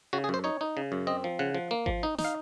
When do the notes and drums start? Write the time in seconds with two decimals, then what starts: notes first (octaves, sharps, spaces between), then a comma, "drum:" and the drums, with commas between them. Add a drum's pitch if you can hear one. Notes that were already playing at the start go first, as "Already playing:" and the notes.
0.13 C#3 F#4
0.24 G#4
0.29 F#2 C5
0.44 D#4 C#5
0.61 D#4
0.77 C#3
0.92 F#2
1.07 C4 D#5
1.24 F3
1.39 C#3 F#5
1.55 F3
1.71 A#3
1.86 F3, drum: kick G#1
2.03 D#4
2.19 D#4, drum: snare
2.25 F5